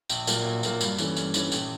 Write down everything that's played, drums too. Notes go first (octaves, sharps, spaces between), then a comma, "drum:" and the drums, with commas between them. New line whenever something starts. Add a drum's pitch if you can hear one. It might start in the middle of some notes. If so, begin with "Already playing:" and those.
A#1, drum: tambourine
A#2 F#3 A#3, drum: tambourine
A#1
A#2 F#3 A#3, drum: tambourine
G2, drum: tambourine
E3 A3 C#4, drum: tambourine
G2, drum: tambourine
E3 A3 C#4, drum: tambourine
A#1, drum: tambourine